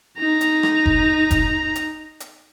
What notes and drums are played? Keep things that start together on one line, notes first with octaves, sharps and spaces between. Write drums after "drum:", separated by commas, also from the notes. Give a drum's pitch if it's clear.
D#4 A#5
drum: hi-hat
drum: rim click
drum: kick F1
drum: kick F1, hi-hat
drum: hi-hat
drum: hi-hat